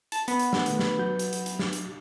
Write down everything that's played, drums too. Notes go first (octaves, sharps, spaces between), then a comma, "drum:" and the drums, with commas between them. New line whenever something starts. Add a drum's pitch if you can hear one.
A5, drum: hi-hat
B3, drum: hi-hat
drum: hi-hat
drum: snare
B2 D#3 A3, drum: hi-hat
drum: snare
F#3 F#4 G6
drum: hi-hat
drum: hi-hat
drum: hi-hat
drum: snare
drum: hi-hat